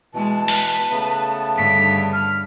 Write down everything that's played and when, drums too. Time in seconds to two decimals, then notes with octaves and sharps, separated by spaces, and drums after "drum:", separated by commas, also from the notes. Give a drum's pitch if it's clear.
0.14 B2 E3 G#3 A5
0.48 B4, drum: open hi-hat
0.91 C#3 A3 B3
1.58 G2 D3 B6
2.13 F6